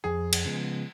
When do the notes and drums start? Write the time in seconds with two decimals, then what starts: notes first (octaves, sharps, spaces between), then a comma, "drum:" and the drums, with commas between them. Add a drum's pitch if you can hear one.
0.04 F2 G#4
0.33 drum: cymbal
0.45 C#3 F3 G#3 B3